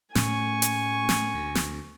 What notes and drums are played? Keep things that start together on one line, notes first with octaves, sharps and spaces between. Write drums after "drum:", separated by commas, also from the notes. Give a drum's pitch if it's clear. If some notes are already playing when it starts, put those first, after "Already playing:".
A2 A3 C#4 G#5 C#6, drum: snare
drum: hi-hat
drum: snare
D2
drum: snare